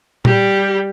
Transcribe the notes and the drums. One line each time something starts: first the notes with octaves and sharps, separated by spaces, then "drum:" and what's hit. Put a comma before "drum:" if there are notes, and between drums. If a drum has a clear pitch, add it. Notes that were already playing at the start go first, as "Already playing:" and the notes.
G3 G4, drum: tom A#2